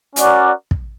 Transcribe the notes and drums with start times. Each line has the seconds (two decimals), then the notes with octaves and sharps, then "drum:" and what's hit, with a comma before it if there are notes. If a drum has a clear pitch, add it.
0.16 C#4 F#4 A#4 D5, drum: hi-hat
0.71 drum: kick